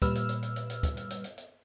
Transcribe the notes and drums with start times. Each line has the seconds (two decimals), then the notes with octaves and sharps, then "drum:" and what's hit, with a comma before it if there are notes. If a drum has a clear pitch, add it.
0.02 A#2 G3 B4 E6 F6, drum: kick, hi-hat
0.15 drum: hi-hat
0.29 drum: hi-hat
0.43 drum: hi-hat
0.56 drum: hi-hat
0.70 drum: hi-hat
0.83 drum: kick, hi-hat
0.97 drum: hi-hat
1.10 drum: hi-hat
1.24 drum: hi-hat
1.38 drum: hi-hat